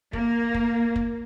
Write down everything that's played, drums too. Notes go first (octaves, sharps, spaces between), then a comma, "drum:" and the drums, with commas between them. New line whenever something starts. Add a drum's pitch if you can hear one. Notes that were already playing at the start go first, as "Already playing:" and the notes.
A#3, drum: kick
drum: kick
drum: kick